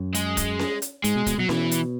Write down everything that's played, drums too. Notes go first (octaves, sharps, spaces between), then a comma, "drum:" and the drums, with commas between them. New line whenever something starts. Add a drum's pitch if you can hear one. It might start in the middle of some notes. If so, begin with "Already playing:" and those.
Already playing: F#2
G#3, drum: hi-hat
drum: kick, hi-hat
drum: snare C#4
drum: hi-hat
G#2 G#3, drum: hi-hat
B2
B2, drum: kick, hi-hat
B2 F#3
B2 E3, drum: snare C#4
drum: hi-hat